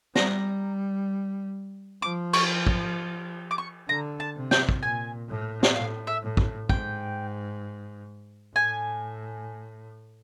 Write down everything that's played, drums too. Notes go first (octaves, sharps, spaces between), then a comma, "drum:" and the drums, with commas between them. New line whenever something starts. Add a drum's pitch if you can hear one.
G3 A#5, drum: snare
F3 D6
C#6, drum: cymbal
drum: kick
D6
C#6
D3 A#5
A5
C3
G5, drum: snare
drum: kick
A#2 G#5
A2
drum: snare
A2 F5
E5
A2
drum: kick
G#2 G5, drum: kick
A2 G#5